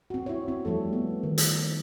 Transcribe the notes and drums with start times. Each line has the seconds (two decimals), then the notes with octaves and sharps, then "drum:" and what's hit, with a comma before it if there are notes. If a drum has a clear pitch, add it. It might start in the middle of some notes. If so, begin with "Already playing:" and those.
0.10 C4 F#4
0.26 E4 C#5
0.48 C4
0.65 F3 G3 A3 A4
0.93 B3
1.23 D#3
1.38 drum: hi-hat